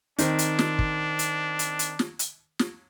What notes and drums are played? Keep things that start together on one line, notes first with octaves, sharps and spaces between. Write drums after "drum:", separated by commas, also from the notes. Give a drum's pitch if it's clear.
D#3 C4 D4, drum: hi-hat
drum: hi-hat
drum: snare
drum: kick
drum: hi-hat
drum: hi-hat
drum: hi-hat
drum: snare
drum: hi-hat
drum: snare